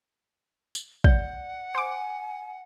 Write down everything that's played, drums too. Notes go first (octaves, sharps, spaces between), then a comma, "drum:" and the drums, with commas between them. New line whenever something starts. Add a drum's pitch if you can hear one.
drum: tambourine
D5 F#5, drum: kick
C5 G#5 D6